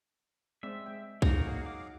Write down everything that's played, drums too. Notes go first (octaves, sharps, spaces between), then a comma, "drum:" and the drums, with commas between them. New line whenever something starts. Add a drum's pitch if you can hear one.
G#3 C4 D5 E5
G#3 G5
F#3 A#3 D#4 F#4 G#4 F5, drum: kick B1
F#5 D6